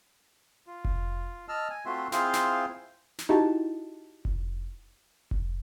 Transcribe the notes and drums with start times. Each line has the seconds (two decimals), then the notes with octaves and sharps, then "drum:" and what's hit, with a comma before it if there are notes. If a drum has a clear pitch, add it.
0.67 F4
0.85 drum: kick F1
1.48 D#5 A5 E6 F6
1.70 G#5
1.86 A3 C4 F4 F#4 E5 C6
2.12 C4 E4 F4 G#4 C5 F5, drum: snare
2.33 drum: snare
3.19 drum: snare
3.29 D#4 E4 F#4 G4 A5
4.25 drum: kick F1
5.31 drum: kick F1